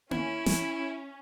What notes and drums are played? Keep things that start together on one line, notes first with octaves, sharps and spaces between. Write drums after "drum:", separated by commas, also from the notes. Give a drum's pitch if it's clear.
C#4 E4, drum: tom A#3
drum: snare